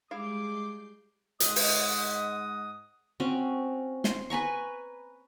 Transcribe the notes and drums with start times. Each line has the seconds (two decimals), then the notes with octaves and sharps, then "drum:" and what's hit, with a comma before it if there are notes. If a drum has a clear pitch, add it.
0.11 G3 G#3 E4 G#4 F5 D6 G6 C7
1.40 G#2 G#3 D#5 F#5 D#6, drum: hi-hat
1.56 drum: open hi-hat
3.20 C4 C#4 F#4
4.04 C6, drum: snare
4.30 B4 G#5 A#5 C#6